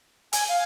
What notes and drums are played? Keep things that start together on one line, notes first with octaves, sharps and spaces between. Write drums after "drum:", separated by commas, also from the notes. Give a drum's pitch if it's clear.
G#5, drum: hi-hat
F5